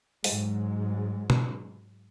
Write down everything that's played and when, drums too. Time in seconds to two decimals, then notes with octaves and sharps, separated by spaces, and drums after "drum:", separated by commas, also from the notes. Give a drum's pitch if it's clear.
0.24 G#2 F#3 G#3, drum: open hi-hat
1.30 drum: tom B2